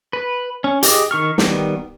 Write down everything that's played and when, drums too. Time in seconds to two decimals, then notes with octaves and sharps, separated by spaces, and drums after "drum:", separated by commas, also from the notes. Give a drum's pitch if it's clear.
0.13 B4
0.64 C#4
0.83 G4 G#4 D#5 D6 D#6, drum: hi-hat
1.11 D#3 C#6 F6
1.38 D#3 G3 B3, drum: snare